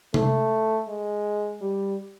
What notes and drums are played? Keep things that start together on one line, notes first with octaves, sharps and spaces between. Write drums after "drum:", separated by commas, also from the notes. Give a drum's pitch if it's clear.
A3, drum: tom C3
G#3
G3